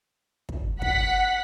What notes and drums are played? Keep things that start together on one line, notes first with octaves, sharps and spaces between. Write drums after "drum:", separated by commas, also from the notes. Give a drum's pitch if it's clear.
drum: kick
F#5 B6, drum: kick